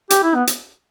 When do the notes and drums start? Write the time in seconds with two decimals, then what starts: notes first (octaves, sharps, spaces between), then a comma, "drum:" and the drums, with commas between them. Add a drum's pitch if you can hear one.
0.10 G4, drum: hi-hat
0.23 E4
0.35 B3
0.47 drum: hi-hat